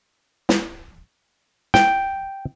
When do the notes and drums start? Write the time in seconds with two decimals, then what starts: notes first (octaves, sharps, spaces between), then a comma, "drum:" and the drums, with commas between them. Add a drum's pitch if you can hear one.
0.49 drum: snare
1.74 G5, drum: snare